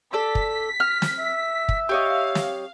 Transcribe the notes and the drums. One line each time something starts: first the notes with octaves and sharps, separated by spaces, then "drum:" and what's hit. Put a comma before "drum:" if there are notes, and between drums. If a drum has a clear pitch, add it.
A4 D5 E6 B6
drum: kick
F6
drum: snare
E5
drum: kick
G4 C#5 D#5 F5
drum: snare